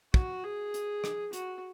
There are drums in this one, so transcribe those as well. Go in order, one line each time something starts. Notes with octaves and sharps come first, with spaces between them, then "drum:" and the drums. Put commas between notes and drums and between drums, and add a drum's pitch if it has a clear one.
F#4, drum: kick
G#4
drum: hi-hat
drum: rim click
F#4, drum: hi-hat